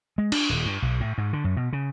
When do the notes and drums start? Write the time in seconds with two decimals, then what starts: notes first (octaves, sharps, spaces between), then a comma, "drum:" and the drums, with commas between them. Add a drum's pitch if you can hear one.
0.18 G#3
0.32 D4, drum: cymbal
0.49 D#1
0.66 G2
0.82 B1
1.00 A2
1.18 G#2
1.33 D3
1.44 F#2
1.57 B2
1.73 C#3